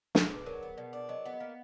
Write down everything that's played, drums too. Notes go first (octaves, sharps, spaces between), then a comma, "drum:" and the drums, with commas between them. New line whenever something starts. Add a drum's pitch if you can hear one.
B2 G#4, drum: snare
D4
B4
F#3 A#4
B3
B2 D5
D4
F#3 D#5
B3
D#5
A#3 F5